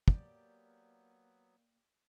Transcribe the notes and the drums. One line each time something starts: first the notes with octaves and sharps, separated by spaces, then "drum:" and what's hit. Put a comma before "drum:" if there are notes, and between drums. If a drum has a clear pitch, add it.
F#3 A#3 B3 G4 D5, drum: kick